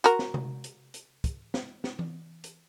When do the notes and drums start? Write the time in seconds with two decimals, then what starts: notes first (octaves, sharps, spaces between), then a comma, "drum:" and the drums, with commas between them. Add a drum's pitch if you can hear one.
0.04 F#4 A#4, drum: hi-hat
0.19 drum: snare
0.34 drum: tom C3
0.64 drum: hi-hat
0.94 drum: hi-hat
1.24 drum: kick, hi-hat
1.54 drum: snare
1.84 drum: snare
1.99 drum: tom E3
2.44 drum: hi-hat